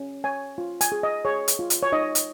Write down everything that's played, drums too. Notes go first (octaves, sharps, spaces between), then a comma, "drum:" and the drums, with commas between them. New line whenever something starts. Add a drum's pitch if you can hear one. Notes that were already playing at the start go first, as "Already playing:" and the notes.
Already playing: C#4
C#5 G#5
F4
G#5, drum: hi-hat
G#4
D#5
G#4 C#5
drum: hi-hat
F4
drum: hi-hat
C#5
D#4 D#5
drum: hi-hat